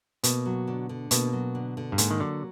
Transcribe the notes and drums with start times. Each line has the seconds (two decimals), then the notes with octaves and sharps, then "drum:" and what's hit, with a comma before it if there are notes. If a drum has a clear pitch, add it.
0.24 B2 A#3, drum: hi-hat
0.45 F#3
0.67 D3
0.89 D3
1.11 B2 A#3, drum: hi-hat
1.33 F#3
1.55 D3
1.77 D3
1.92 G2
1.98 G#2 A#3, drum: hi-hat
2.10 D#3
2.20 D3 F#3